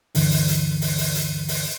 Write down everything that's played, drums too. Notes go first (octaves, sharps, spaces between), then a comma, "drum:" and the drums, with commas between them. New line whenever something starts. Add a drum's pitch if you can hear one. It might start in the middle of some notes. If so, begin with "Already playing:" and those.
D2 G2 D3 E3, drum: open hi-hat
drum: open hi-hat
drum: hi-hat
drum: open hi-hat
drum: open hi-hat
drum: hi-hat
drum: open hi-hat